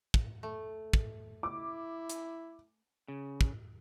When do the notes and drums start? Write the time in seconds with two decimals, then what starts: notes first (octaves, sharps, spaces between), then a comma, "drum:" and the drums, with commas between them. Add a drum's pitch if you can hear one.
0.14 drum: kick
0.43 A3
0.93 drum: kick
1.43 E4 D6
2.09 drum: hi-hat
3.08 C#3
3.41 drum: kick